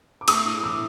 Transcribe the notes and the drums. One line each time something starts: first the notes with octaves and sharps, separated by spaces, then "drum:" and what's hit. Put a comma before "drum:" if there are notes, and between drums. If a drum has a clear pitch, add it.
D6
A3 C#6 D#6, drum: cymbal
A2
E3 D6 E6